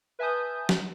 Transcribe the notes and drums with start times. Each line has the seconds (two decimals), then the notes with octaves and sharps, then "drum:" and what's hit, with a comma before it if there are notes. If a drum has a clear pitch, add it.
0.19 B4 E5 G#5 A5 D#6 G6
0.69 drum: snare